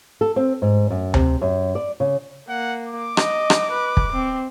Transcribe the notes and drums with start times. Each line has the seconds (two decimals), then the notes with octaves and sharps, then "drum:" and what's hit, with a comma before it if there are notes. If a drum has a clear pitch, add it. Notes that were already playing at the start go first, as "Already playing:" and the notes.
0.21 A4
0.36 C4
0.62 G#2
0.90 F#2
1.14 C3, drum: tom D2
1.42 F#2
1.75 D5
2.00 C#3
2.49 A#3 F#5
2.87 D6
3.17 D#5, drum: rim click
3.50 drum: rim click
3.71 B4
3.97 drum: kick
4.12 C4